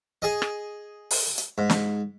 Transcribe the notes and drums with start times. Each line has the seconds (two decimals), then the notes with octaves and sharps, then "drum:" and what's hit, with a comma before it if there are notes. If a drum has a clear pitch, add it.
0.22 G#4 D#5
0.42 drum: rim click
1.11 drum: open hi-hat
1.38 drum: hi-hat
1.58 G#2
1.70 drum: snare